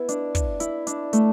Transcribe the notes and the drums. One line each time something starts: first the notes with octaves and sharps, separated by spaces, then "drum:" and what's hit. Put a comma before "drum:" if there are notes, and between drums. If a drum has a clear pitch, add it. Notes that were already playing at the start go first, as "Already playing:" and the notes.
Already playing: B3 E4
D4, drum: hi-hat
drum: kick, hi-hat
E4, drum: hi-hat
D4, drum: hi-hat
A3, drum: hi-hat